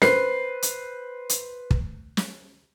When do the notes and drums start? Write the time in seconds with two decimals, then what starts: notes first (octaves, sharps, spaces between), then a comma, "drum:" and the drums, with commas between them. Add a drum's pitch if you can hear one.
0.02 B4 C5 C7, drum: snare
0.62 drum: hi-hat
1.29 drum: hi-hat
1.71 drum: kick
2.17 drum: snare